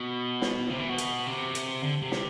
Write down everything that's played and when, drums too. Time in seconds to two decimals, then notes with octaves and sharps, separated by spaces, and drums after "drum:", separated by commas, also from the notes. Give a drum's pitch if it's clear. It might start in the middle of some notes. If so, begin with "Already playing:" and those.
Already playing: B2
0.42 drum: snare
0.70 C3
0.79 E3
0.89 B2
0.98 drum: hi-hat
1.27 C3
1.55 drum: hi-hat
1.83 D3
2.02 C3
2.12 drum: snare